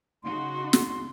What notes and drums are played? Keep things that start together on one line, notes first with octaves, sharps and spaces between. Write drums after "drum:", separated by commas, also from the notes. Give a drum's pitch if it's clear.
C#3 D#4 F#4 C6
drum: snare